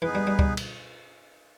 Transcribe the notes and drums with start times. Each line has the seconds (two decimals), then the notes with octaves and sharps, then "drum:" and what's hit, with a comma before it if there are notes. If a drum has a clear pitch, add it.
0.02 E3 B3 D#4 G#4 B4
0.15 G3
0.27 G3
0.39 G3, drum: kick C#2
0.57 drum: cymbal